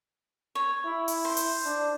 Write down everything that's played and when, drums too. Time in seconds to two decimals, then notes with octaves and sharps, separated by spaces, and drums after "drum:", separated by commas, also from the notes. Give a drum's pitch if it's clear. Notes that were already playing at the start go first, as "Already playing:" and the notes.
0.55 C#5
0.85 E4
1.08 drum: open hi-hat
1.25 C5
1.37 drum: open hi-hat
1.65 D4